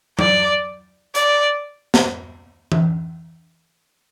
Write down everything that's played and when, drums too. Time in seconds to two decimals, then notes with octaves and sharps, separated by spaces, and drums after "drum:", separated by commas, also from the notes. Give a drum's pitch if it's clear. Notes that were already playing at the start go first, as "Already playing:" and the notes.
0.19 D5, drum: tom F#3
1.15 D5, drum: hi-hat
1.94 drum: snare
2.72 drum: tom E3